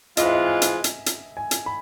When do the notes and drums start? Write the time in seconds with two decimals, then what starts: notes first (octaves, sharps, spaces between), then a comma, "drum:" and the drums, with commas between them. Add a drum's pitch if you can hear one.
0.17 E3 G#3 C4 F4 D#5, drum: hi-hat
0.25 E5
0.33 D#5
0.47 G#5
0.62 drum: hi-hat
0.84 drum: hi-hat
1.06 drum: hi-hat
1.37 G#5
1.51 drum: hi-hat
1.66 B5